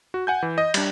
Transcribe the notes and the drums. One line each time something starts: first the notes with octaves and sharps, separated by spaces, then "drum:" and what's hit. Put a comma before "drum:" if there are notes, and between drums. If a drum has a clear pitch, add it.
F#4
F#5 G#5 G6
E3
D#5
G3 D4, drum: cymbal